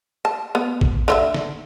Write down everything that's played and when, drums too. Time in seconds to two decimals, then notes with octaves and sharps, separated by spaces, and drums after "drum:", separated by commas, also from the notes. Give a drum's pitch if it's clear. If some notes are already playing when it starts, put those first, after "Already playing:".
0.25 A5
0.55 B3
0.81 drum: kick A1
1.08 D3 F4 E5
1.34 drum: snare